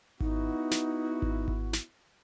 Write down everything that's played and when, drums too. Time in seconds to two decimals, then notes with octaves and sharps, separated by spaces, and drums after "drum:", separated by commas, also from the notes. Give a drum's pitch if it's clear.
0.20 B3 D#4 E4 F#4, drum: kick G#1
0.71 drum: snare
1.22 drum: kick G#1
1.48 drum: kick G#1
1.73 drum: snare